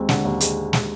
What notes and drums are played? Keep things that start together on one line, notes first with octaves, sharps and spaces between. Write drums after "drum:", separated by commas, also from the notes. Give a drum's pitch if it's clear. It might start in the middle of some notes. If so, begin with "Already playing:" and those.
Already playing: D#2 G#3 C4
D3, drum: snare
D#2
G#3, drum: hi-hat
drum: snare